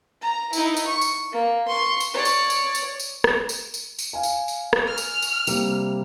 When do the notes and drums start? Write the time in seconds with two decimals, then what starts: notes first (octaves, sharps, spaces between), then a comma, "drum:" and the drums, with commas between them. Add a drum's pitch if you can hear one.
0.22 A#5
0.53 D#4 E4, drum: tambourine
0.77 drum: tambourine
0.86 C#6
1.01 drum: tambourine
1.32 A#3
1.68 C6 C#6
2.00 drum: tambourine
2.14 C#5 D5
2.25 drum: tambourine
2.50 drum: tambourine
2.75 drum: tambourine
2.99 drum: tambourine
3.24 drum: rim click
3.49 drum: tambourine
3.74 drum: tambourine
3.99 drum: tambourine
4.13 F5 G#5
4.23 drum: tambourine
4.48 drum: tambourine
4.73 drum: rim click
4.87 F6
4.98 drum: tambourine
5.22 drum: tambourine
5.47 C3 G3 A#3, drum: tambourine